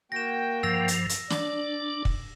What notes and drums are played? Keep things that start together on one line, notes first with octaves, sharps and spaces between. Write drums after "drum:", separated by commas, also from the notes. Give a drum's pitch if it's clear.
A#3 F#4 G5 A#6 E7
G2 F3 E6 A#6
drum: hi-hat
drum: hi-hat
D4 D5, drum: snare
drum: kick